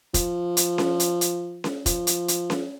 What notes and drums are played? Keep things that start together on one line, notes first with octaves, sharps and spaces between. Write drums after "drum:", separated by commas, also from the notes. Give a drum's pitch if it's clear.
F3, drum: kick F1, hi-hat
drum: hi-hat
drum: snare C#4
drum: hi-hat
drum: hi-hat
drum: snare C#4
F3, drum: kick F1, hi-hat
drum: hi-hat
drum: hi-hat
drum: snare C#4